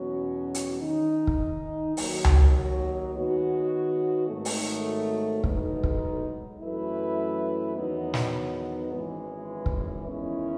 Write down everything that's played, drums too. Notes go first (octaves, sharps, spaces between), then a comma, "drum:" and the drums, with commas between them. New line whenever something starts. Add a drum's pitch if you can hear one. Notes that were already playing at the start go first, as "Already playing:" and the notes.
Already playing: E2 B2 F#3 C#4 F#4
drum: hi-hat
D#3 G#3 D#4
drum: kick
D#2 D#3 F#3, drum: open hi-hat
drum: tom C#2
D#3 G#3 B3 F#4 C#5
G#1 G#2 D#3 F#3 A3
drum: open hi-hat
B1 A2 G#3 B3 D#4, drum: kick
drum: kick
F#2 E3 A3 E4 B4
E2 D#3 F#3 B3 D#4
drum: snare
G#1 F#2 E3 G#3
drum: kick
E2 D#3 G#3 C#4 E4